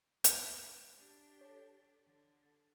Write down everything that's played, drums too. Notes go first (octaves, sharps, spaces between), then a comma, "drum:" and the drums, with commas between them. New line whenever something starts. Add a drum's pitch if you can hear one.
drum: hi-hat
D4 G4
A4 C#5
D3